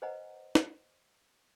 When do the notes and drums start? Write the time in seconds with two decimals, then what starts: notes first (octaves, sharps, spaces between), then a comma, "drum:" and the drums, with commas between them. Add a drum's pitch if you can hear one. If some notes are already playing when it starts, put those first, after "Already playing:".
0.02 B4 C5 D#5 F#5 G#5 A#5
0.55 drum: snare